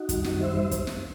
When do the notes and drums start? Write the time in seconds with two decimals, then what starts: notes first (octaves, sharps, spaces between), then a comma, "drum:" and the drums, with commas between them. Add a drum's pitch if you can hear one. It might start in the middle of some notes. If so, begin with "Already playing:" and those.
Already playing: D#4 F#4
0.09 F#2 D#3 G3, drum: kick, hi-hat
0.24 drum: snare
0.40 C5 E5
0.71 drum: kick, hi-hat
0.87 drum: snare